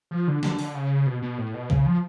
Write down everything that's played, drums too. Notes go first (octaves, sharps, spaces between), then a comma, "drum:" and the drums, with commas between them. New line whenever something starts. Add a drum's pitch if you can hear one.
F3
D3
D3, drum: snare
D3, drum: open hi-hat
C#3
B2
B2
A2
B2
C#3, drum: kick
F3